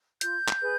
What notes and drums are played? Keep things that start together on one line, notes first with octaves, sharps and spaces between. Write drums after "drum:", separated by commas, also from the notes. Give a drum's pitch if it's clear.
F4 G6, drum: hi-hat
drum: clap
G#4 B4